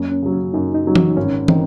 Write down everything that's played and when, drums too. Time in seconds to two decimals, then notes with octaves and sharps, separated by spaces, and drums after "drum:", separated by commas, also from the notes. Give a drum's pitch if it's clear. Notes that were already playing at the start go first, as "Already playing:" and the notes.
Already playing: F#2 A#3
0.12 C#4
0.22 C#3 F#3
0.33 C#4
0.54 F#2 D#4
0.75 D#4
0.85 C#3 F#3
0.95 C#4, drum: tom E3
1.17 G#1 C#4
1.48 D#3 C4, drum: tom